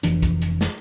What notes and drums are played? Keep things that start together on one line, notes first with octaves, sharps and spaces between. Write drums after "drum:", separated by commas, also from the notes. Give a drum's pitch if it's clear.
F1 E3 D4, drum: hi-hat
drum: kick, hi-hat
drum: hi-hat
drum: snare